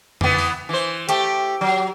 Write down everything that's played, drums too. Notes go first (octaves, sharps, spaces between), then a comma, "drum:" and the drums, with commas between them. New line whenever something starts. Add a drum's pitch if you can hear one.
E3 B3, drum: tom
drum: open hi-hat
E3 C5
A3 G4, drum: hi-hat
F#3